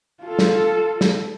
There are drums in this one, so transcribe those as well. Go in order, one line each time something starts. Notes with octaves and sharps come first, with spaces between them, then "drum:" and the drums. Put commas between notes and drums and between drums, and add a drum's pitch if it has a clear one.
F4 A4
drum: snare
drum: snare